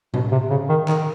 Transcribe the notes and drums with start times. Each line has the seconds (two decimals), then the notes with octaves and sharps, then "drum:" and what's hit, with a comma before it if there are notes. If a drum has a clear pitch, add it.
0.14 B2, drum: tom A2
0.32 C3
0.50 C#3
0.69 D#3
0.88 D#3, drum: clap